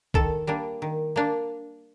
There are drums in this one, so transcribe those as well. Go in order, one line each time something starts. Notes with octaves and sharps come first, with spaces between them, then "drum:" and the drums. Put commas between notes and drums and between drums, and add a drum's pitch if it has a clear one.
D#3 A4, drum: kick B1
G3 A#3 D4
D#3
A#3 D4